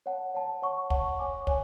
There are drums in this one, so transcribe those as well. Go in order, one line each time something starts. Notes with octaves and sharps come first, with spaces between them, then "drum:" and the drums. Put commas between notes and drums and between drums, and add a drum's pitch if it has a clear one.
C#5 F#5 A5
C#5 F#5 A5
C#5 F#5 A5 C#6
C#5 F#5 A5 C#6, drum: kick
C#5 G#5 D6
C#5 G#5, drum: kick